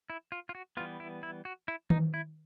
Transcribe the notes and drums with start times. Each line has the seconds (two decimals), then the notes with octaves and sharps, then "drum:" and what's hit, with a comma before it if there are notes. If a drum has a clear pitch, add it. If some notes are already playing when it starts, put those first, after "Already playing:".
0.10 E4
0.32 F4
0.49 F4
0.55 F#4
0.77 E3 G3 B3 F4
1.00 E4
1.23 E4
1.45 F#4
1.68 E4
1.90 D#4, drum: tom D#3
2.14 E4